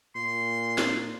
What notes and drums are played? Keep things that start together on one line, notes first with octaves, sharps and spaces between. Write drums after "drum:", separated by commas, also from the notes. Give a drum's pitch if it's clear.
A#2 C6
drum: snare